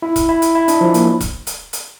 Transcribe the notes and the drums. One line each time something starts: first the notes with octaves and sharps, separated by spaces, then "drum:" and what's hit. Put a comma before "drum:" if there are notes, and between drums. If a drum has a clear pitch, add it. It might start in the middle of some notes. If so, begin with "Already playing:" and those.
E4
drum: kick E1, hi-hat
E4
drum: hi-hat
E4
D4, drum: hi-hat
F3
A#3, drum: hi-hat
drum: kick E1, hi-hat
drum: hi-hat
drum: hi-hat